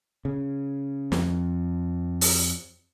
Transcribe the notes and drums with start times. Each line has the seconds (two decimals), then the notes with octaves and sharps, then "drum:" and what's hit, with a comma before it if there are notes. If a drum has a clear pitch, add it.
0.25 C#3
1.12 F2, drum: snare
2.21 drum: open hi-hat